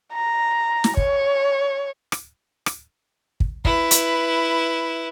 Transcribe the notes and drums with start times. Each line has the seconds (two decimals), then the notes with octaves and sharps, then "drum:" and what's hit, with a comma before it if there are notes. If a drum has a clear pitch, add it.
0.14 A#5
0.84 drum: snare
0.97 C#5, drum: kick
2.12 drum: rim click
2.66 drum: rim click
3.40 drum: kick
3.65 E4 B4, drum: kick
3.91 drum: hi-hat